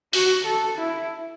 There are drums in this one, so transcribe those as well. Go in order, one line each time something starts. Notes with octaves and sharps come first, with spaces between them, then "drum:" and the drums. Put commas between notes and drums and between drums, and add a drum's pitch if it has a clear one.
F#4, drum: open hi-hat
A4
E4